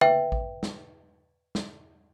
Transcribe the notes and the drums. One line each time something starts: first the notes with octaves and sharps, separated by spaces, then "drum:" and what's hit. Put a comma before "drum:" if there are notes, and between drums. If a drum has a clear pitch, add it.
B4 E5 G5, drum: tom
drum: kick A1
drum: snare
drum: snare